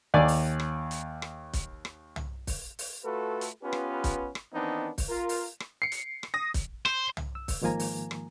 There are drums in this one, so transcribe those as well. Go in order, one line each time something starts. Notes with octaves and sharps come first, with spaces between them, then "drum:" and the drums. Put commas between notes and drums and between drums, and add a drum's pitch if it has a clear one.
D#2 D5 G#5 D6
drum: open hi-hat
drum: rim click
drum: hi-hat
drum: rim click
drum: kick, hi-hat
drum: rim click
drum: tom
drum: kick, open hi-hat
drum: open hi-hat
A3 F4 F#4 A4 B4
drum: hi-hat
B3 C#4 F4 G4 B4
drum: rim click
drum: kick, hi-hat
drum: rim click
D#3 E3 B3 C4 D4 D#4
drum: kick, open hi-hat
F4 A#4
drum: open hi-hat
drum: rim click
C7 C#7
drum: hi-hat
drum: rim click
D#6 A#6
drum: kick, hi-hat
C5, drum: rim click
drum: tom
E6
drum: kick, open hi-hat
G#2 D#3 F3 A#3 G#5 A#5
drum: open hi-hat
drum: rim click